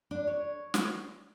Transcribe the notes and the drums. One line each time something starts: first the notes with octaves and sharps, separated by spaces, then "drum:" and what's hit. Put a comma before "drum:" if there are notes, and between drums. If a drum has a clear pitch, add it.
D4
C#5
drum: snare